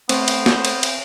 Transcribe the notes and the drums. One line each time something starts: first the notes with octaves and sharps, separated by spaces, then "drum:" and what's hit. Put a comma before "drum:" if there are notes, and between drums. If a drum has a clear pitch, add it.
A3 B3 C4 C5 C#6, drum: cymbal
drum: cymbal
drum: snare
drum: cymbal
drum: cymbal